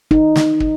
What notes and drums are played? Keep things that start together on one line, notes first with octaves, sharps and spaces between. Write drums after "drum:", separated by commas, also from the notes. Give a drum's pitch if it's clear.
D#4, drum: kick
drum: snare
drum: kick